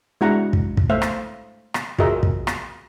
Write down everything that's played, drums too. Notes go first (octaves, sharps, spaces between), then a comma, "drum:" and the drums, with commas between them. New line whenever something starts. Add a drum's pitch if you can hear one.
G#3 D4 E4 F#4 F#5 A#5
drum: kick
drum: kick
A3 C5 E5 F5
drum: rim click
drum: rim click
F4 F#4 G#4 A#4 D#5 E5, drum: kick
drum: kick
drum: rim click